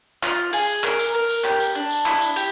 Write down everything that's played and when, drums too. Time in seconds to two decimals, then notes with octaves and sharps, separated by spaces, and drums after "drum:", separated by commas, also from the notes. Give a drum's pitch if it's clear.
0.23 F4, drum: clap
0.53 G#4, drum: tambourine
0.69 drum: tambourine
0.83 A#4, drum: clap
0.99 drum: tambourine
1.15 A#4
1.30 drum: tambourine
1.44 G4, drum: clap
1.60 drum: tambourine
1.75 D4
1.91 drum: tambourine
2.06 E4, drum: clap
2.21 drum: tambourine
2.36 G4, drum: tambourine